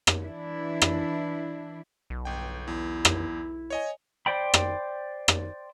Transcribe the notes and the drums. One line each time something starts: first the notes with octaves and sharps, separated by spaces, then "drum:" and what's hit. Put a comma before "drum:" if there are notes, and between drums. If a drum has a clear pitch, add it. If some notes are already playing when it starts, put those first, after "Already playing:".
drum: rim click
E3 D4 E4
drum: rim click
B1
G1 G5
E2 E4
drum: rim click
C#5 D#5 G#5
C5 D5 G5 B5
drum: rim click
drum: rim click